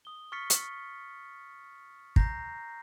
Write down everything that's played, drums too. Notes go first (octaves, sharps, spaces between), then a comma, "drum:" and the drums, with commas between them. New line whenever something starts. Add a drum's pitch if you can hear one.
D#6 G7
C#6 F6 A6 B6 C#7
C#6, drum: hi-hat
A#5 G6 A#6 C7, drum: kick